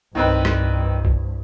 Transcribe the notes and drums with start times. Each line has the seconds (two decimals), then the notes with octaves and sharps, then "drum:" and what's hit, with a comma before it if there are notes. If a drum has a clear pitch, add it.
0.15 C2 G2 D#3 C4 B4
0.45 drum: rim click
1.05 drum: kick